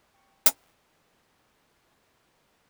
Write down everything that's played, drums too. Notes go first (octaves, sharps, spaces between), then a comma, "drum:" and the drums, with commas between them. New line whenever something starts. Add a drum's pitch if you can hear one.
G5 C#6 C#7
drum: hi-hat